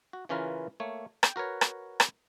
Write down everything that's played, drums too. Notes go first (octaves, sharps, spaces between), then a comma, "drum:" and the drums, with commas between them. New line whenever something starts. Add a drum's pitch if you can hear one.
F#4
C#3 E3 C#4 F4 A#4 B4
A3 A#3 C#5
G5, drum: rim click
F#4 A#4 B4 C#5
drum: rim click
drum: rim click